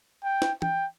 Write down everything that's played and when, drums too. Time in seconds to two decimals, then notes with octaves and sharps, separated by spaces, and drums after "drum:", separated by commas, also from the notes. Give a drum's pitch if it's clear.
0.24 G5
0.42 drum: snare
0.62 G5, drum: tom